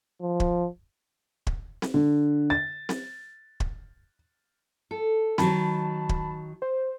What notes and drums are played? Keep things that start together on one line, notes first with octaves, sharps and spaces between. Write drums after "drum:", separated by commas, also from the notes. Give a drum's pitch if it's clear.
F3
drum: kick
drum: kick
drum: snare C4
D3
A6
drum: snare C4
drum: kick
A4
D#3 F#3 A5 B5, drum: snare C4
drum: kick
C5